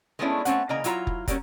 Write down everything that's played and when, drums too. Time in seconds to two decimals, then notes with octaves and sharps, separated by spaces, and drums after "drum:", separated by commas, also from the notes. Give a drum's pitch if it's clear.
0.19 G#3 A3 B3 C#4 D4 E4
0.45 A3 C4 C#4 F#5, drum: hi-hat
0.69 C#3 E3 A#3 D#5 A#5
0.84 F#3 E4 F4 D#5 A#5, drum: hi-hat
1.07 drum: kick
1.28 F#3 G3 A#3 C#4, drum: kick, hi-hat